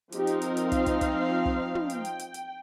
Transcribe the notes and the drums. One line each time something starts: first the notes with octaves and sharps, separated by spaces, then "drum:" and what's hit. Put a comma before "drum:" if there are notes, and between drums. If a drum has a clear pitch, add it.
F3 C4 D#4 G4, drum: hi-hat
drum: hi-hat
A#4, drum: hi-hat
drum: hi-hat
F5, drum: kick, hi-hat
drum: kick, hi-hat
drum: kick, hi-hat
drum: kick
drum: tom
G5, drum: hi-hat
drum: hi-hat
drum: hi-hat
drum: hi-hat